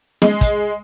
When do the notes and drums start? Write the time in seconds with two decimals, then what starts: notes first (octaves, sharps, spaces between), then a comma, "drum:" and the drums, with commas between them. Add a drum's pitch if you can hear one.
0.22 G#3, drum: snare
0.41 drum: kick, hi-hat